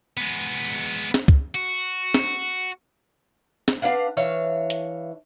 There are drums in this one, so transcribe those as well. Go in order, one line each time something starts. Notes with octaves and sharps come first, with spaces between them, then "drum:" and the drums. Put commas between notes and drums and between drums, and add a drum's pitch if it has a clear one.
G#3 B3
drum: snare
drum: kick C#2
F#4
drum: snare
drum: snare
D4 B4 F5 F#5
E3 D4 C#5 F5
drum: hi-hat